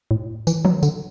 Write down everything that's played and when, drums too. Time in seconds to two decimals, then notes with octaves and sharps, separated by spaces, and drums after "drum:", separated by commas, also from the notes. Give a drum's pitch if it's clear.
0.11 A2
0.47 E3, drum: tambourine
0.65 F#3, drum: tom
0.83 D3, drum: tambourine